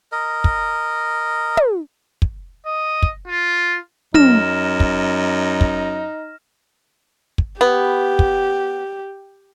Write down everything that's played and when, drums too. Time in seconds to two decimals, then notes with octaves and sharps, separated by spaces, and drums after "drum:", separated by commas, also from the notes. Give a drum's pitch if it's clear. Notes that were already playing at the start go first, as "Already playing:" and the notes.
0.12 A#4 D#5
0.44 drum: kick
1.57 drum: tom
2.22 drum: kick
2.66 D#5
3.02 drum: kick
3.27 F4
4.14 F#2 D#4 F6 A#6 E7, drum: tom
4.80 drum: kick
5.61 drum: kick
7.38 drum: kick
7.61 B3 G4
8.19 drum: kick